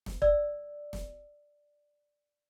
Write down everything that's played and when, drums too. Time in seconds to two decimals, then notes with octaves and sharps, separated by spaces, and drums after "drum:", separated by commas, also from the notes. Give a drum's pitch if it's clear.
0.06 drum: snare
0.22 D5 E6, drum: kick
0.93 drum: snare